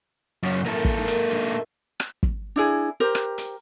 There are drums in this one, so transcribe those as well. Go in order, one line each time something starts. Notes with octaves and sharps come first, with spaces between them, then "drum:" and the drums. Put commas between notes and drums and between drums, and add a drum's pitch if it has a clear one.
F#2 C#3
F#2 A2 E3 A#3 A4
drum: kick
G#2 D#3 G#3
drum: hi-hat
G2 B2 G#3
A#2 E5
drum: rim click
drum: kick
D4 E4 G#4
G4 A#4 C5
drum: rim click
drum: hi-hat